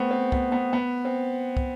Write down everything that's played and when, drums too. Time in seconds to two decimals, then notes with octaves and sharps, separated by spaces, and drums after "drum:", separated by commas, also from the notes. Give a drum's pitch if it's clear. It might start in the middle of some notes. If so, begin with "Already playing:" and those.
Already playing: A3 B3 C4
0.11 C4
0.32 B3, drum: kick
0.52 B3
0.73 B3
1.05 C4
1.57 drum: kick